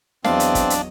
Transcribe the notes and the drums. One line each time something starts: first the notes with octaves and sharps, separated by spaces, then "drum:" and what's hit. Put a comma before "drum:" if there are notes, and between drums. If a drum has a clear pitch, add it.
E2 F#3 C4 D4 D#5 F5, drum: snare
drum: hi-hat
drum: kick, hi-hat
drum: hi-hat